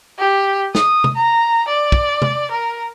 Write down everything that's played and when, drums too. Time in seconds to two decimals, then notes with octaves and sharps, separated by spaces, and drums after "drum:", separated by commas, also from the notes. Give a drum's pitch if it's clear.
0.19 G4
0.75 D#6, drum: snare
1.04 drum: tom
1.16 A#5
1.68 D5
1.92 drum: kick
2.22 drum: tom
2.51 A#4